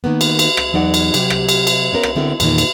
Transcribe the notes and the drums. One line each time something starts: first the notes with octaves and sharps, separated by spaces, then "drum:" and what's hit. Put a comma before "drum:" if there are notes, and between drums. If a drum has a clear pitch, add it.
D#3 A#3 B3
drum: cymbal
drum: cymbal
drum: rim click
E2 F#3 D#4 D5 F#5
drum: cymbal
C3 F#3 G4, drum: cymbal
drum: rim click
drum: cymbal
drum: cymbal
B3 C#4 A#4
drum: rim click
D3 B3 C4 E4 A4 A#4
E2 A#2 D#3, drum: cymbal
drum: cymbal